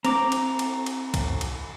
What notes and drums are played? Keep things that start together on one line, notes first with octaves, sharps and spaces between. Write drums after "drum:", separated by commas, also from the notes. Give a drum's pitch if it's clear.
C4 A#5 D6, drum: cymbal
drum: cymbal
drum: cymbal
drum: cymbal
drum: kick, cymbal
drum: cymbal